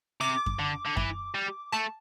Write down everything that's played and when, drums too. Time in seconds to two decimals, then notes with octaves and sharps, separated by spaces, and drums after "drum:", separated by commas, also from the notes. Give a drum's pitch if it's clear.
0.21 C3 D6
0.46 drum: kick F#2
0.59 D3
0.85 D3
0.97 E3, drum: kick F#2
1.35 G3
1.72 A3 A5